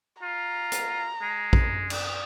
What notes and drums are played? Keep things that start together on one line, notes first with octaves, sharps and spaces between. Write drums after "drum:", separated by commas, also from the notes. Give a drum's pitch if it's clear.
F4 A#5
drum: hi-hat
G#3
drum: kick A#1
D5, drum: cymbal